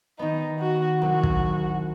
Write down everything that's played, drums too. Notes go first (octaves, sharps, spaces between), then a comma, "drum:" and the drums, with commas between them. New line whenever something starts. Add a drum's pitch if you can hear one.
D#3 B3 D#4
F#4
C2 F#3 F#4
drum: kick